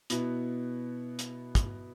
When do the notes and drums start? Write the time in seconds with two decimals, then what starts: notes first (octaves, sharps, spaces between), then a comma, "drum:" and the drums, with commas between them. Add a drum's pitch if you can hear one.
0.10 B2 B3 E4, drum: hi-hat
1.19 drum: hi-hat
1.55 drum: kick, hi-hat